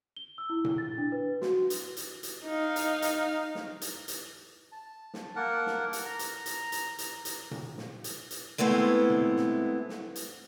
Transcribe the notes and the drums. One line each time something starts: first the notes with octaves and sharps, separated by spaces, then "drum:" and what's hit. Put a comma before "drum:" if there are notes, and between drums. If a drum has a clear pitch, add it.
G7
E6
E4
drum: tom A#2
A6
D4
B4
F#4, drum: snare
drum: hi-hat
drum: hi-hat
drum: hi-hat
D#4 F5
drum: hi-hat
drum: hi-hat
drum: snare
drum: hi-hat
drum: hi-hat
A5
drum: snare
A#3 A#4 F#5 A5
drum: snare
drum: hi-hat
A#5
drum: hi-hat
drum: hi-hat
drum: hi-hat
drum: hi-hat
drum: hi-hat
drum: tom A#2
drum: snare
drum: hi-hat
drum: hi-hat
G#3 A3 B3 C4 E4
drum: tom A#2
drum: snare
drum: snare
drum: hi-hat